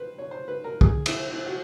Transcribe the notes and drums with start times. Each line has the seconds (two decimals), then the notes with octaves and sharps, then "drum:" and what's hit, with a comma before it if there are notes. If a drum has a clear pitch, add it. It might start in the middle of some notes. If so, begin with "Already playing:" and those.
Already playing: B4 C5
0.18 C#5
0.31 C5
0.48 B4
0.64 A#4
0.81 G#4, drum: kick
1.06 E4, drum: cymbal
1.31 E4
1.46 F#4